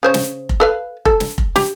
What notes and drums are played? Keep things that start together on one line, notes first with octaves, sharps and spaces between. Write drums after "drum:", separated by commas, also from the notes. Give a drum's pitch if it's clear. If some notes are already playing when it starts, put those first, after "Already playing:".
C#3 C5 C#5
drum: snare
drum: kick F1
A4 B4 F5
A4, drum: kick F1
drum: snare
drum: kick F1
G4, drum: snare